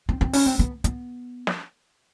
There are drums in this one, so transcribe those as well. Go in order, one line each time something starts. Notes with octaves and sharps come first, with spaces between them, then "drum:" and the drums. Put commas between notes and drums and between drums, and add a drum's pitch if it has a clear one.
C4
C4
C#4, drum: open hi-hat
C4
B3
B3, drum: hi-hat
drum: snare